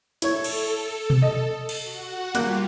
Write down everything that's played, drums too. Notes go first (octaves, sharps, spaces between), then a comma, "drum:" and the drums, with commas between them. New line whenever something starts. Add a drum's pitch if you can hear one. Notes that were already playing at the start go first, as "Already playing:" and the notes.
E4 A4 C#5, drum: hi-hat
drum: cymbal
drum: tom B2
D#5
drum: cymbal
F#4 F#5
G3 A#3 F4 G4 F#6, drum: hi-hat